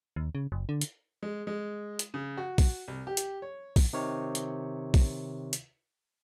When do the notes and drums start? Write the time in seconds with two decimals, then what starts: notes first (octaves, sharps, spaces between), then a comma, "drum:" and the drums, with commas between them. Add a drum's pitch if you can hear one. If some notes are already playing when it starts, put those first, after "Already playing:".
0.16 D#2
0.35 C#3
0.52 F#1
0.69 D3
0.81 drum: hi-hat
1.23 G#3
1.47 G#3
1.99 drum: hi-hat
2.14 C#3
2.37 F#4
2.58 drum: kick A#1, open hi-hat
2.88 C2
3.07 G4
3.17 drum: hi-hat
3.42 C#5
3.76 drum: kick A#1, open hi-hat
3.93 C3 D#3 C#5
4.35 drum: hi-hat
4.94 drum: kick A#1, open hi-hat
5.53 drum: hi-hat